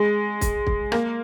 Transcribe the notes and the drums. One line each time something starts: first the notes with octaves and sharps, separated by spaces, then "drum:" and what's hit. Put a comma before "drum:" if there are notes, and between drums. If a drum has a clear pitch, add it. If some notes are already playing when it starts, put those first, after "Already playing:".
Already playing: G#3
drum: kick, hi-hat
drum: kick
A#3, drum: rim click